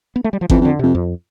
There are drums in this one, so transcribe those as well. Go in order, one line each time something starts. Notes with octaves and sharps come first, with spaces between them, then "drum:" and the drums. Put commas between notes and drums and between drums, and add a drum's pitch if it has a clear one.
B3
A3
G3
F3
F2 E3, drum: kick G#1
F2 D3
F2 C3
F2